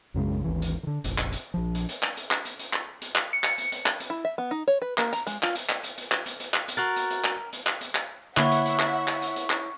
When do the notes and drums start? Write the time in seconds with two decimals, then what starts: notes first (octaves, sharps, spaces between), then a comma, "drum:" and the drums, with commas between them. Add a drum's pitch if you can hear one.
0.14 B1 F#2 C#3 G#3
0.44 G#1 D#2 E3
0.62 drum: hi-hat
0.83 D3 D#3
1.04 F1 A#1, drum: hi-hat
1.18 drum: clap
1.32 drum: hi-hat
1.54 A#1 F3
1.75 drum: hi-hat
1.89 drum: hi-hat
2.03 drum: clap
2.17 drum: hi-hat
2.31 drum: clap
2.45 drum: hi-hat
2.59 drum: hi-hat
2.73 drum: clap
3.02 drum: hi-hat
3.16 drum: clap
3.33 C#7
3.44 drum: clap
3.58 drum: hi-hat
3.72 drum: hi-hat
3.86 drum: clap
4.00 drum: hi-hat
4.10 E4
4.25 E5
4.38 B3
4.51 D#4
4.68 C#5
4.82 B4
4.98 A#3, drum: clap
5.13 A#5, drum: hi-hat
5.27 G#3, drum: hi-hat
5.43 F4, drum: clap
5.55 drum: hi-hat
5.69 drum: clap
5.83 drum: hi-hat
5.98 drum: hi-hat
6.12 drum: clap
6.26 drum: hi-hat
6.40 drum: hi-hat
6.54 drum: clap
6.68 drum: hi-hat
6.77 F#4 A#4 F#6 A6
6.96 drum: hi-hat
7.10 drum: hi-hat
7.24 drum: clap
7.53 drum: hi-hat
7.67 drum: clap
7.81 drum: hi-hat
7.95 drum: clap
8.37 D3 A#3 E4 C#5 E5 F#5 C#6, drum: clap
8.51 drum: hi-hat
8.65 drum: hi-hat
8.80 drum: clap
9.08 drum: clap
9.22 drum: hi-hat
9.36 drum: hi-hat
9.50 drum: clap